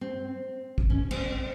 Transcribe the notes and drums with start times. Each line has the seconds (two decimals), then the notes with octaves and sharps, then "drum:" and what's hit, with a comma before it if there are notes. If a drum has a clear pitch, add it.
0.01 C4
0.78 drum: kick
0.90 C#4
1.11 C4, drum: cymbal